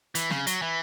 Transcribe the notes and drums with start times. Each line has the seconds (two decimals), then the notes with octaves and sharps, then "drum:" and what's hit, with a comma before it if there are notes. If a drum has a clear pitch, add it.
0.15 E3, drum: hi-hat
0.30 C#3, drum: snare
0.47 F#3, drum: hi-hat
0.62 E3